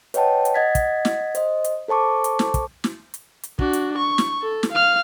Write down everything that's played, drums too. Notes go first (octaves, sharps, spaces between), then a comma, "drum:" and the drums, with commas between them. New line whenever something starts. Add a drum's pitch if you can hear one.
B4 C#5 D#5 F#5 G5 A5, drum: hi-hat
drum: hi-hat
D#5 F#5 G#6 A6 B6
drum: kick, hi-hat
drum: snare
C5 D#5, drum: hi-hat
drum: hi-hat
A4 C5 A5 C#6 D6
drum: hi-hat
drum: snare
drum: kick, hi-hat
drum: snare
drum: hi-hat
drum: hi-hat
D4 F#4, drum: kick
drum: hi-hat
C#6
drum: snare
A4
drum: snare
F5 F6